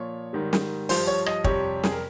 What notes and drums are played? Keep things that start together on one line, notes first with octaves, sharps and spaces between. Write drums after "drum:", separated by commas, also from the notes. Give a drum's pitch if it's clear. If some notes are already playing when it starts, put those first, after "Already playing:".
Already playing: A#2 F3 C#5
G#2 D#3 G3
drum: snare
G2 F3 C5, drum: open hi-hat
C#5
D#5, drum: rim click
F2 C3 G3 C#5, drum: kick
G#4, drum: snare
A#4